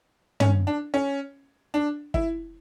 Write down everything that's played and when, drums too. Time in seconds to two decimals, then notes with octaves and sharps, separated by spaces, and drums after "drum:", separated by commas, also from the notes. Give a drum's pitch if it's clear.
0.40 C#4, drum: tom
0.67 D4
0.94 C#4
1.74 D4
2.14 E4, drum: kick